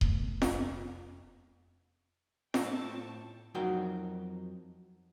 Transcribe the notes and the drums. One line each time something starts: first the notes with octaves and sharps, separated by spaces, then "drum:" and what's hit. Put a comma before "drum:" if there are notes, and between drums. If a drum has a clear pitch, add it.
F1 A3 B3, drum: kick D#1
drum: snare F4
A2 C4 F4 C#5 G5 A5 C#6, drum: snare F4
F2 F#3 D#4 F#4 A#4 G5